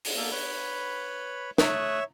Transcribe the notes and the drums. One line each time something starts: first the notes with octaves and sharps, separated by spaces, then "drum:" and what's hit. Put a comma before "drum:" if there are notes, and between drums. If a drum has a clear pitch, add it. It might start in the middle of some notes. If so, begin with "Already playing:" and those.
drum: open hi-hat
A#3 A4
B4 C#5 B5
A3 C#5 E5 D#6 F#6, drum: snare